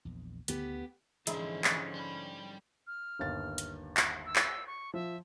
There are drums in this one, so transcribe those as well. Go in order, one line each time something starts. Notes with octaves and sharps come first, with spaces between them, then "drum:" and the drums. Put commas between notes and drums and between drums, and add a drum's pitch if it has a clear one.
A#1 E2
D2 D3 D#3 B3 G4, drum: hi-hat
G#2 D3 E3 F3 G#3 C#4 D4 E4, drum: hi-hat
drum: clap
G3 B5
F6
G1 D#2 A6
drum: hi-hat
drum: clap
E6
drum: clap
C#6
F3 E5